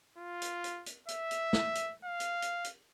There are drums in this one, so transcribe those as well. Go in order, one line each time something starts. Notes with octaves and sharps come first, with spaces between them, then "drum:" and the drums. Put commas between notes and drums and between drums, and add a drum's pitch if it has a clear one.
F4
drum: hi-hat
drum: hi-hat
drum: hi-hat
E5, drum: hi-hat
drum: hi-hat
drum: snare
drum: hi-hat
F5
drum: hi-hat
drum: hi-hat
drum: hi-hat